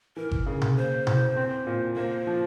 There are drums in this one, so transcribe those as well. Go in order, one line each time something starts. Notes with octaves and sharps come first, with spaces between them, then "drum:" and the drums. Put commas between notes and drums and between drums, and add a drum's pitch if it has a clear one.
E3 A#4
drum: kick G1
C#3
drum: tom B2
A#3 C5
E2, drum: tom B2
C4
A#2
A#3 C5
F3